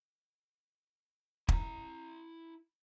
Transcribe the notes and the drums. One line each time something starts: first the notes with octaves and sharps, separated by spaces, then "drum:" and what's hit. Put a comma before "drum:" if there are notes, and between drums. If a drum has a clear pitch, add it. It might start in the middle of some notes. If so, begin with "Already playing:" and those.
E4 A#5, drum: kick